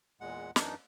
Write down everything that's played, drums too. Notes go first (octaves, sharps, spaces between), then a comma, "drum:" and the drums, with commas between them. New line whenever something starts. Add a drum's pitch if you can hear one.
E2 A#2 G#3 F#5
F#2 E3 D4 D#4, drum: snare